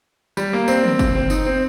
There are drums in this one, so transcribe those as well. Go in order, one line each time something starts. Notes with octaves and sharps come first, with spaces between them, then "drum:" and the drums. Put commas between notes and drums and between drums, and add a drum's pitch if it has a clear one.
G3, drum: tambourine
A#3
C4, drum: tambourine
drum: tom
drum: kick G1, tambourine
C4
D#4, drum: tambourine
C4